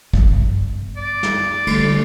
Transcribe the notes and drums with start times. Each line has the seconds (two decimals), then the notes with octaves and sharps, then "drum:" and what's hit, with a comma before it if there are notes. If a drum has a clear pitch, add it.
0.14 G2 B3, drum: kick
0.97 D5
1.23 drum: snare
1.67 D3 G3 A3, drum: cymbal